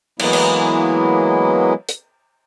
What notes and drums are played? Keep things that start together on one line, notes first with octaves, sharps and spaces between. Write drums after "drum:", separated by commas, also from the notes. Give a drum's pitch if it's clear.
E3 F#3 G#3 A#3 B3 E4, drum: cymbal
drum: cymbal
drum: hi-hat